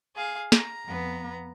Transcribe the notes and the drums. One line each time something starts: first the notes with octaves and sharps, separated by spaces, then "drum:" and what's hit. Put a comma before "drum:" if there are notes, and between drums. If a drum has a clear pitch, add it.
G#4 F5
A#5, drum: snare
F2 B3